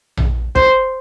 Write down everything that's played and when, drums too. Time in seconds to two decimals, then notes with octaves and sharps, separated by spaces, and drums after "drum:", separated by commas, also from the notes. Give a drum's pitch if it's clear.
0.17 drum: tom A#1
0.55 C5, drum: kick